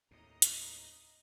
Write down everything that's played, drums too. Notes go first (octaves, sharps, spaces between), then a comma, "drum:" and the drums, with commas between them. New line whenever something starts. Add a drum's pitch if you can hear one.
D#2 A2 D#5 A#5 D#6
drum: hi-hat